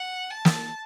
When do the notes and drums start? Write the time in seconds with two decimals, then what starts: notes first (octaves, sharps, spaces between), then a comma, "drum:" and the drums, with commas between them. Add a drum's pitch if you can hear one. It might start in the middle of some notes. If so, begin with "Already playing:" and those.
Already playing: F#5
0.30 A5
0.45 drum: snare